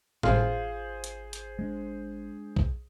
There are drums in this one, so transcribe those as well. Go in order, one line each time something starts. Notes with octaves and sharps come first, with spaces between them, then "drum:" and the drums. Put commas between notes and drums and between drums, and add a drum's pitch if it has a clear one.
G#1 F4 G#4 C5, drum: tom A2
drum: hi-hat
drum: hi-hat
G#3 D4
drum: kick